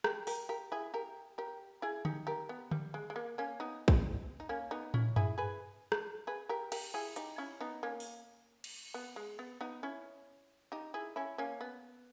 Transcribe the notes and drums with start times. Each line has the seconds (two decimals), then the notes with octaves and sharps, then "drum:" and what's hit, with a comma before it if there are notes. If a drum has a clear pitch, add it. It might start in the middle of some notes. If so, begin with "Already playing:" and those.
0.04 G4 A#4, drum: rim click
0.27 G4 A#4, drum: open hi-hat
0.49 G4 A#4
0.72 E4 G#4
0.94 G4 A#4
1.38 G4 A#4
1.82 E4 G#4
2.05 D#4 G4, drum: tom D3
2.27 G4 A#4
2.49 B3
2.71 G3, drum: tom D3
2.94 G#3
3.10 G#3
3.16 A#3
3.38 A#3 C#4
3.60 B3 D#4
3.88 drum: kick
4.40 D#4
4.49 A#3 C#4
4.71 B3 D#4
4.94 C#4 E4, drum: tom
5.16 E4 G#4, drum: tom F#2
5.38 G#4 B4
5.92 drum: rim click
6.27 G#4 B4
6.49 G4 A#4
6.72 G4 A#4, drum: cymbal
6.94 E4 G#4
7.16 D#4 G4, drum: hi-hat
7.38 C#4 E4
7.60 B3 D#4
7.83 A#3 C#4
8.00 drum: open hi-hat
8.64 drum: cymbal
8.94 B3
9.16 G#3
9.39 B3
9.61 B3 D#4
9.83 C#4 E4
10.72 D#4 G4
10.94 E4 G#4
11.16 C#4 E4
11.38 A#3 C#4
11.61 B3